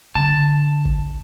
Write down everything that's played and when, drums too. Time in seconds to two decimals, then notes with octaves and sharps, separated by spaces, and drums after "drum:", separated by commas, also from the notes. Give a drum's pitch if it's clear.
0.15 D3 A5
0.85 drum: kick